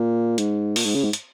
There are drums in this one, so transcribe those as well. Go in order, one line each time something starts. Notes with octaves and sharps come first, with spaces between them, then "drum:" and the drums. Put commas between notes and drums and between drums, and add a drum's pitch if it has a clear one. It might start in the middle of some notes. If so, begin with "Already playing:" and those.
Already playing: A#2
G#2, drum: hi-hat
A#2, drum: open hi-hat
G#2
C#3
G#2
drum: hi-hat